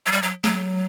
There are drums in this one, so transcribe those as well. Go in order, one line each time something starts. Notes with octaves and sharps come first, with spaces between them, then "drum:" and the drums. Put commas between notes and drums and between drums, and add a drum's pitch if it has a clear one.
F#3
G3
F#3
F#3, drum: snare